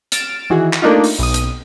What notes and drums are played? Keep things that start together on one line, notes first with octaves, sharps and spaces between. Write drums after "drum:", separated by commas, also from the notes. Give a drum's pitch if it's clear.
F6 A6 D7 E7, drum: hi-hat
D#3 E3 F#4 G#4
drum: clap
A3 A#3 D4 D#4 F4
drum: open hi-hat
B1 D#6
drum: hi-hat